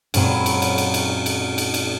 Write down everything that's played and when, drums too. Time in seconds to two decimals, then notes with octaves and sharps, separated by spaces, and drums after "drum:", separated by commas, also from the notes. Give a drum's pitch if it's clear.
0.14 F#2 A#2 G#3 C4 C#5 B5, drum: cymbal
0.46 drum: cymbal
0.62 drum: cymbal
0.78 drum: cymbal
0.94 drum: cymbal
1.26 drum: cymbal
1.58 drum: cymbal
1.74 drum: cymbal